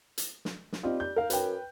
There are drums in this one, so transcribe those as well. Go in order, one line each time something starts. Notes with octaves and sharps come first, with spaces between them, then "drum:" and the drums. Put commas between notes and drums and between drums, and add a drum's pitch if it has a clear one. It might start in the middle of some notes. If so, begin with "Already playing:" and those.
drum: hi-hat
drum: snare
drum: snare
G3 C4 F4 D#5
G6
A#4 F5
F#2 B4 G5, drum: hi-hat